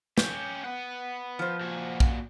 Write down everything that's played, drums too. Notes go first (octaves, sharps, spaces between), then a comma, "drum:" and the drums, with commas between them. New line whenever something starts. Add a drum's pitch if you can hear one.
C#4 G4, drum: snare
B4 F#5
F3 C5
A#2 F#4
drum: kick